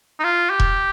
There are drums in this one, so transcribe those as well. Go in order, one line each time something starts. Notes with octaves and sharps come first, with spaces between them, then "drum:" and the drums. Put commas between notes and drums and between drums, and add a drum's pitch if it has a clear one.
D#4
F4
G4
drum: kick E1